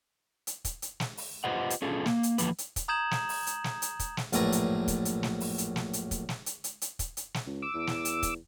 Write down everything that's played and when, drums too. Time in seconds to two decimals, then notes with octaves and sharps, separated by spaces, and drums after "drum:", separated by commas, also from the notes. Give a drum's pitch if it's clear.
0.47 drum: hi-hat
0.65 drum: kick, hi-hat
0.82 drum: hi-hat
1.00 drum: snare
1.17 drum: open hi-hat
1.44 F4 G4 B4 C5 D#5 F#5
1.70 drum: hi-hat
1.82 C#4 D4 F4 G#4 A4
2.06 A#3, drum: snare
2.23 drum: hi-hat
2.38 E2 E3 F3 A#3 B4, drum: hi-hat
2.58 drum: hi-hat
2.76 drum: kick, hi-hat
2.88 A#5 D#6 G6 G#6 E7 F#7
3.11 drum: snare
3.29 drum: open hi-hat
3.47 drum: hi-hat
3.64 drum: snare
3.82 drum: hi-hat
3.99 drum: kick, hi-hat
4.17 drum: snare
4.33 A#1 F#2 A2 A3 B4 A#5, drum: hi-hat
4.52 drum: hi-hat
4.88 drum: kick, hi-hat
5.05 drum: hi-hat
5.23 drum: snare
5.41 drum: open hi-hat
5.58 drum: hi-hat
5.76 drum: snare
5.93 drum: hi-hat
6.11 drum: kick, hi-hat
6.29 drum: snare
6.46 drum: hi-hat
6.64 drum: hi-hat
6.82 drum: hi-hat
6.99 drum: kick, hi-hat
7.17 drum: hi-hat
7.34 drum: snare
7.46 C#2
7.62 D6 E6
7.74 E2
7.87 drum: snare
8.05 drum: hi-hat
8.23 drum: kick, hi-hat